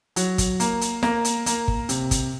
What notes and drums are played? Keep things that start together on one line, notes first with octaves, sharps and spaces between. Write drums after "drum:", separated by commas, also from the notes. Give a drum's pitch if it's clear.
F#3, drum: hi-hat
drum: kick G1, hi-hat
A#3, drum: hi-hat
drum: hi-hat
A#3, drum: snare
drum: hi-hat
A#3, drum: hi-hat
drum: kick G1
C3, drum: hi-hat
drum: kick G1, hi-hat